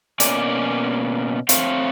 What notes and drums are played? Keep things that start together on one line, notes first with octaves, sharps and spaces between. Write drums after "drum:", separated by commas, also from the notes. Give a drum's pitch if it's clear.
B2 A#3 C#4 D5 G#5, drum: hi-hat
A3 C4 C#5 F5, drum: hi-hat